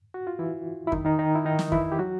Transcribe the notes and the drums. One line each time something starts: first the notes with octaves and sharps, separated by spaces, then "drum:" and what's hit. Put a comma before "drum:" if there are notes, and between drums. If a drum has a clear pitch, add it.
F#4
F4
E3 E4
E4
D#3 D#4, drum: kick F2
D#3 D#4
D#3 D#4
E4
D#3 D#4
drum: snare
E3 E4, drum: kick F2
G4
F#3 F#4